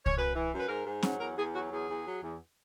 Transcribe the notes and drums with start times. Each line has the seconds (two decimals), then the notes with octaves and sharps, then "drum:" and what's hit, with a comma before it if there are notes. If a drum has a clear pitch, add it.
0.06 C#5, drum: kick C2
0.17 F#2 B4
0.35 E3
0.51 F#2
0.60 B4
0.68 G#2 A#4
0.85 G#2
1.03 F#3, drum: snare
1.20 E2 A#4
1.36 E2 G#4
1.54 F#3 F#4
1.71 E2 G#4
1.88 E2
2.06 F#3
2.22 E2